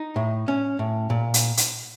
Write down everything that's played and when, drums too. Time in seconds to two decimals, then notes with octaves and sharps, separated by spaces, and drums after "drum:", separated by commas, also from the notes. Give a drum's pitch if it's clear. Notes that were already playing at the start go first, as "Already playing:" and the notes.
Already playing: D#4
0.16 A2
0.48 C#4
0.79 A2
1.10 A#2
1.34 drum: hi-hat
1.57 drum: hi-hat